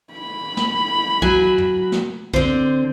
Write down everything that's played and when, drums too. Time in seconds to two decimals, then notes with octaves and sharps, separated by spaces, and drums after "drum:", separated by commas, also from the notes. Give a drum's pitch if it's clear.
0.13 B5
0.57 drum: snare
1.22 F#3 G#5, drum: kick C2
1.58 drum: tom
1.92 drum: snare
2.33 D3 C4 C5, drum: kick C2